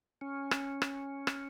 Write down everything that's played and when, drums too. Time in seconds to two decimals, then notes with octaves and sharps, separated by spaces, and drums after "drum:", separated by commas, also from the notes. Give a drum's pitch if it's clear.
0.21 C#4
0.51 drum: rim click
0.82 drum: rim click
1.27 drum: rim click